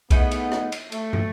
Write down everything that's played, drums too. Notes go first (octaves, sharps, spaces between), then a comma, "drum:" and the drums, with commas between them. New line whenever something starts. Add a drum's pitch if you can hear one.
A3 B3 D#4 G#4 B4, drum: kick B1, cymbal
drum: cymbal
drum: rim click
drum: cymbal
A3, drum: cymbal
drum: tom